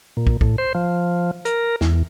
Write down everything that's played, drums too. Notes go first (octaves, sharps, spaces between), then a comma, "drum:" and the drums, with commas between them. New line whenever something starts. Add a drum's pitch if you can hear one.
A#2
drum: kick
A2, drum: kick
C5
F3
A#4, drum: hi-hat
E2, drum: snare